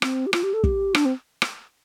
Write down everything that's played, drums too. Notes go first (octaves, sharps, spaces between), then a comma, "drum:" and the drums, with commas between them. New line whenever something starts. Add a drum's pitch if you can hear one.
C4, drum: rim click
G4
F4, drum: rim click
G4
A4
G4, drum: kick
D4, drum: rim click
C4
drum: rim click